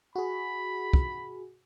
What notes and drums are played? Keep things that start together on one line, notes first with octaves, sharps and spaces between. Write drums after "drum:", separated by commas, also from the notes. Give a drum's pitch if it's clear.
F#4 G#4 B5
drum: kick